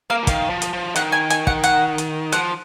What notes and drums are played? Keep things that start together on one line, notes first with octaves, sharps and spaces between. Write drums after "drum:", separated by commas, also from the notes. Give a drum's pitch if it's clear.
A#3 F5
F3
D#3 F5, drum: kick, hi-hat
F3
drum: hi-hat
F3
D#3 F#5, drum: hi-hat
G#5
G#5, drum: hi-hat
F#5, drum: kick
F#5, drum: hi-hat
drum: hi-hat
F3 F#5, drum: hi-hat